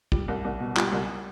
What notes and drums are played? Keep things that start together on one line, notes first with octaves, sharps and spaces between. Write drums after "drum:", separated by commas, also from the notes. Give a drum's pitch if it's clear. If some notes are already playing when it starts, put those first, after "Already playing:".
G3, drum: kick
C2
C2
B2
G3, drum: clap
C2